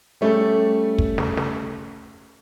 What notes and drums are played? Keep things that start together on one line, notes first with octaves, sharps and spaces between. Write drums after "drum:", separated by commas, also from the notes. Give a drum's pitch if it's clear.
G3 A3 C#4 G4 A4
drum: kick
drum: snare
drum: snare